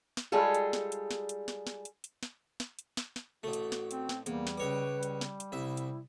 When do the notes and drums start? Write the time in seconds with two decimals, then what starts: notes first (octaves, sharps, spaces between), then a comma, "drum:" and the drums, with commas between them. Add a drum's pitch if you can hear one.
0.17 drum: snare
0.32 G3 G#3 F4 G#4 A4
0.55 drum: hi-hat
0.73 drum: snare
0.92 drum: hi-hat
1.11 drum: snare
1.29 drum: hi-hat
1.48 drum: snare
1.67 drum: snare
1.85 drum: hi-hat
2.04 drum: hi-hat
2.23 drum: snare
2.60 drum: snare
2.79 drum: hi-hat
2.97 drum: snare
3.16 drum: snare
3.43 A1 A3 F#4
3.53 drum: hi-hat
3.72 drum: snare
3.91 C4, drum: hi-hat
4.09 drum: snare
4.26 E2 G3 A#3, drum: hi-hat
4.47 drum: snare
4.57 C#2 B4 C#5 D6
4.91 G3
5.03 drum: hi-hat
5.21 drum: snare
5.40 drum: hi-hat
5.52 C2 E4 E5
5.77 drum: hi-hat